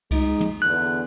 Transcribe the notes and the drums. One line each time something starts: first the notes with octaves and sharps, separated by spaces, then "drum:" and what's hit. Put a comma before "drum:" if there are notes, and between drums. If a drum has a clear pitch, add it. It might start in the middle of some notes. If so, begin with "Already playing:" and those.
G#3 D#4, drum: kick C2, cymbal
drum: tom
E2 D3 F#6